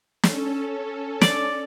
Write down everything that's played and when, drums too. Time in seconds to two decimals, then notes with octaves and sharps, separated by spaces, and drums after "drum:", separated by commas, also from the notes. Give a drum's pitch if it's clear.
0.23 C#4 A4, drum: snare
1.21 D5, drum: snare